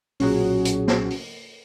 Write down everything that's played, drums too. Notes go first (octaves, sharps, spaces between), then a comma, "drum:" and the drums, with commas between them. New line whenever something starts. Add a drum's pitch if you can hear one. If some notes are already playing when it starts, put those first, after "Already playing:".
B1 A#2 F#3 C#4 F#4 G#4, drum: open hi-hat
drum: hi-hat
drum: snare
drum: open hi-hat